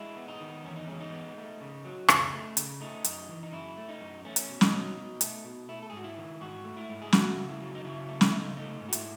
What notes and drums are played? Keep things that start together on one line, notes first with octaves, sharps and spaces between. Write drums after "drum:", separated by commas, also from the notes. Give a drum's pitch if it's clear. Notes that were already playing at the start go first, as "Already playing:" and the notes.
Already playing: G#3 E4
B3
D#4
D#3
E2 C#4
D#4
G#3 C#4
D#4
B3
A3
C#3
F#3
C#3, drum: rim click
A3
C#3, drum: hi-hat
A3 D#4
F#2, drum: hi-hat
E3
D#4
F#2 E4
A3
D#4
F#2
A3 C#4
drum: hi-hat
B2
D#4, drum: snare
F#3
B2
A3, drum: hi-hat
B2
A3 E4
A4
G#4
G#2 F#4
E4
D#3
G#2 F#4
A3
E4
G#2
G#4
A3 F#4, drum: snare
C#3
E4
F#3
D#4
C#3 E4
A3
D#4, drum: snare
C#3 E4
D#4
A3 D#4
G#2
F#4
E4, drum: hi-hat